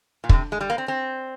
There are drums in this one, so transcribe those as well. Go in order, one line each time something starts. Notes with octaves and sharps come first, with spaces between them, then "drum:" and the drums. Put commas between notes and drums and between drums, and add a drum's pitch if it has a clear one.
A#2
D3, drum: kick
C3
G#3
G3
A#3
C4
C4